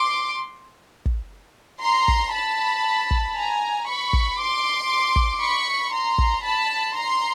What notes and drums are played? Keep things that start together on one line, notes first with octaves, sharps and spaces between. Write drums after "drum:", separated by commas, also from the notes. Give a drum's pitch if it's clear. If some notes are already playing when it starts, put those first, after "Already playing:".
Already playing: C6 D6
drum: kick
A#5 C6
drum: kick
A5 B5
drum: kick
G#5 A#5
B5 C#6
drum: kick
C6 D6
drum: kick
B5 C#6
A#5 C6
drum: kick
A5 B5
A#5 C6